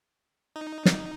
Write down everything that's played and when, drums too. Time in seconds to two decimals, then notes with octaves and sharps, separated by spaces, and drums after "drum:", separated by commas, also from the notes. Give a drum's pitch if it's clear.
0.56 D#4
0.85 drum: snare